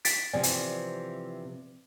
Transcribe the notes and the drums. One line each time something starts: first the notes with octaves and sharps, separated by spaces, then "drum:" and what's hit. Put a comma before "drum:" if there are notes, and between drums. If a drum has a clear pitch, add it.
A6 B6 D7, drum: hi-hat
C3 E3 F3 D5 G#5
drum: hi-hat